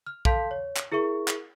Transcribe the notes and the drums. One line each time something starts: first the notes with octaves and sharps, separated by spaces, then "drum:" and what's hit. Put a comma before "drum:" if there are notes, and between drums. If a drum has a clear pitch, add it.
F6
A4 F5 A5 C6 G6 B6, drum: kick
C#5
drum: clap
E4 G#4 A#4 E5 C#6
drum: clap